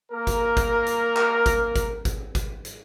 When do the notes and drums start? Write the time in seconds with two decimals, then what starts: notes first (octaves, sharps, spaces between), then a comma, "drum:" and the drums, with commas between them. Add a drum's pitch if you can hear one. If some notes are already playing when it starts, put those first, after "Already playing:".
0.12 A#3 A#4
0.27 drum: kick G#1, hi-hat
0.57 drum: kick G#1, hi-hat
0.86 drum: hi-hat
1.16 drum: clap
1.46 drum: kick G#1, hi-hat
1.76 drum: kick G#1, hi-hat
2.05 drum: kick G#1, hi-hat
2.35 drum: kick G#1, hi-hat
2.65 drum: hi-hat